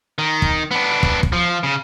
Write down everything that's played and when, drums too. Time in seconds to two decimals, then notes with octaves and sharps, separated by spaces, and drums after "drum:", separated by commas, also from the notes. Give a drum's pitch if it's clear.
0.18 D#3
0.42 drum: kick
0.71 B3 D4
1.03 drum: kick
1.23 drum: kick
1.33 F3
1.64 C#3